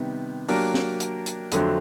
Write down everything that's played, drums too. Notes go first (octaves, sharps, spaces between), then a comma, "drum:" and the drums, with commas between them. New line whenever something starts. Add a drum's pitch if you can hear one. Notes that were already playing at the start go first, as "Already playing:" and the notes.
Already playing: C3 D#3 G3 B3
F#3 A#3 D4 G4 A#4, drum: open hi-hat
drum: snare
drum: hi-hat
drum: hi-hat
F2 D3 F#3 A3 C4, drum: hi-hat